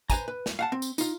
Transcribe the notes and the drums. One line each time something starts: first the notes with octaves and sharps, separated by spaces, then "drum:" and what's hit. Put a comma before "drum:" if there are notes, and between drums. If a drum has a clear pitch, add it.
B4 C5 G#5 A#5, drum: kick, tambourine
B4
drum: snare
F5 F#5 A5
C4
drum: tambourine
D#4 F4, drum: tambourine